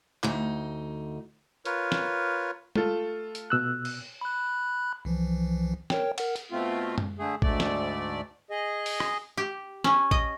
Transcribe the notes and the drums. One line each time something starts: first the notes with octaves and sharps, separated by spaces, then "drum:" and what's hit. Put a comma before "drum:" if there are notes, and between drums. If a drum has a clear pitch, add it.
D2 D#4, drum: clap
F4 A#4 B4 C#5, drum: hi-hat
drum: snare
A3 F4 A4, drum: tom
drum: hi-hat
B2 E6 F#6
drum: cymbal
B5 F#6
C2 E3 F3
A#4 C#5 G5, drum: snare
A#4 F#5, drum: cymbal
drum: hi-hat
B2 A3 C4 F4
drum: tom F#2
D3 A3 G#4
D2 G#2 A3 D5, drum: kick A1
drum: snare
G#4 D#5
drum: open hi-hat
drum: rim click
G4
C#4, drum: snare
D#5, drum: kick A1